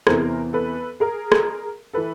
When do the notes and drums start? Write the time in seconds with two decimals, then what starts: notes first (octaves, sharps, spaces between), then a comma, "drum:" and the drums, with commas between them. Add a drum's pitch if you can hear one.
0.07 E2 C3 E3 A#4 C5, drum: rim click
0.53 A4 B4
1.00 G#4 A#4
1.32 drum: rim click
1.93 E3 A4 B4